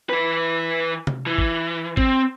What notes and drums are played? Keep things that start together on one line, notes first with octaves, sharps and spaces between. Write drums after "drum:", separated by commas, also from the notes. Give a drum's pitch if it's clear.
E3 B4
drum: tom C3
E3
drum: kick
C4, drum: kick